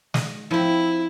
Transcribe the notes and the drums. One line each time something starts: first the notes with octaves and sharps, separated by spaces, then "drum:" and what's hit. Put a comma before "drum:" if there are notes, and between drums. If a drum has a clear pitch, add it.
D#5, drum: snare
F3 C4 E4